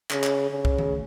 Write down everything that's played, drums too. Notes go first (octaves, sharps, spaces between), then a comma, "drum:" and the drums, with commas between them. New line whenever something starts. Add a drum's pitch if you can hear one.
C#3, drum: clap
drum: clap
C#3
drum: kick
drum: tom D#3